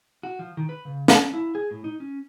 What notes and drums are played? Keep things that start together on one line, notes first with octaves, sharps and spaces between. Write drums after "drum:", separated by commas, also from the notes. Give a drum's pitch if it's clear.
F#4
F3
D#3
B4
C#3
C#4, drum: snare
E4
G#4
A2
D#4
C#4